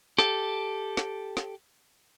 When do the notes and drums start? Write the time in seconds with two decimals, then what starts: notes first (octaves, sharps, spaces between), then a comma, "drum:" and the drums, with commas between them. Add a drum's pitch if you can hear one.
0.19 G4 A4, drum: snare
0.97 drum: snare
1.37 drum: snare